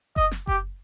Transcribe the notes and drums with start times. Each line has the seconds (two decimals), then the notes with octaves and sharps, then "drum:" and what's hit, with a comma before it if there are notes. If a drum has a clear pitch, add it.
0.16 D#5, drum: kick F#1
0.31 drum: snare
0.47 G4, drum: kick F#1